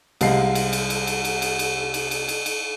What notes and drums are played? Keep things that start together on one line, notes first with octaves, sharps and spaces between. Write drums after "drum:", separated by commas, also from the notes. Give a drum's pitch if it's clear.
C2 C3 G#3 D#5 F5 C7, drum: cymbal
drum: cymbal
drum: cymbal
drum: cymbal
drum: cymbal
drum: cymbal
drum: cymbal
drum: cymbal
drum: cymbal
drum: cymbal
drum: cymbal
drum: cymbal